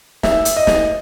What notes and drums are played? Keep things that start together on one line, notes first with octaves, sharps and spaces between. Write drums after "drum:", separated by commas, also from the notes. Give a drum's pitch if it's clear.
E5, drum: snare
drum: hi-hat
D#5
drum: snare